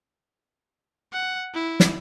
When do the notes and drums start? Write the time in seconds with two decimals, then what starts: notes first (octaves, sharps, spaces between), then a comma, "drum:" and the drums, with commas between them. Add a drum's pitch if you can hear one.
1.13 F#5
1.54 E4
1.80 drum: snare